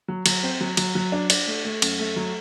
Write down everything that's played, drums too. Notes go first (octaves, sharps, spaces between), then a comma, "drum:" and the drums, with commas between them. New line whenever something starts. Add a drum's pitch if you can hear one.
F#3
F#3, drum: cymbal
C4
F#3
F#3, drum: cymbal
F#3
D4
D4, drum: cymbal
A3
A3
F#2, drum: cymbal
A3
F#3